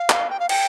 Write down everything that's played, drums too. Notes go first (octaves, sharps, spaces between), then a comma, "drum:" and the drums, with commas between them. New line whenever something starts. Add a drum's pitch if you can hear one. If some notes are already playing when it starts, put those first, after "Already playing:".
Already playing: F5
drum: clap
G5
F5
G5, drum: cymbal